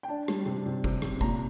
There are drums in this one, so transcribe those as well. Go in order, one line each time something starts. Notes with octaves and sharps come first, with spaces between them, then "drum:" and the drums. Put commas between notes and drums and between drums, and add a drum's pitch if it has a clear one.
G5
D4 A5
G3, drum: rim click
C3
C3
C3, drum: kick
C3, drum: rim click
A#2 A#5, drum: kick